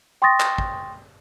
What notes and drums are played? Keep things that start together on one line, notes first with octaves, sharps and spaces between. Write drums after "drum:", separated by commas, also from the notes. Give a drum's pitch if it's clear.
G5 C6 C#6 D#6 A6 A#6
drum: clap
drum: kick